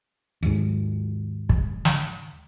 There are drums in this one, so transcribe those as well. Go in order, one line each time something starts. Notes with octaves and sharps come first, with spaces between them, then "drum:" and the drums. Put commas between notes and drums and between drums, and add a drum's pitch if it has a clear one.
D#2 G#2
drum: kick
drum: snare